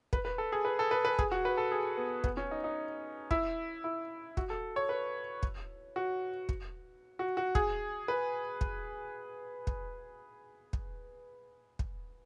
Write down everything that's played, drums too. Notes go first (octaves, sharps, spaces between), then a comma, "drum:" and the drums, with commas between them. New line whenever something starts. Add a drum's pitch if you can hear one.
B4, drum: kick
B4
A4
G#4
B4
A4
B4
B4
G#4, drum: kick
F#4
B4
A4
G#4
B3
B3, drum: kick
C#4
D#4
D#4
E4, drum: kick
E4
F#4, drum: kick
A4
C#5
B4
drum: kick
F#4
drum: kick
F#4
F#4
G#4, drum: kick
B4
drum: kick
drum: kick
drum: kick
drum: kick